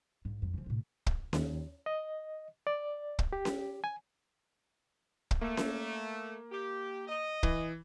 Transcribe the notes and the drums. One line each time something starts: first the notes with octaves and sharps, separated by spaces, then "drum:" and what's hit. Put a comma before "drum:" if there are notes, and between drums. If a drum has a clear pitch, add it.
A#1 G#2
F2 F#3
C#3 F3
A2 C3
drum: kick
D#2, drum: snare C#4
D#5
D5
drum: kick
G4
drum: snare C#4
G#5
drum: kick
A3 A#3
drum: snare C#4
G4
D#5
E3, drum: kick